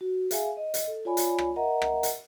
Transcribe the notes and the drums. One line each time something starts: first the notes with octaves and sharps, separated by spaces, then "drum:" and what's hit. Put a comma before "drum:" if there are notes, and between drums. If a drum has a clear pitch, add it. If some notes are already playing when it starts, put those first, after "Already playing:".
F#4
G#4 E5 F5 G#5, drum: hi-hat
D#5
drum: hi-hat
A4
F4 C#5 D5 G#5 B5
drum: hi-hat
drum: rim click
A#4 D#5 E5 F#5 A#5
drum: rim click
drum: hi-hat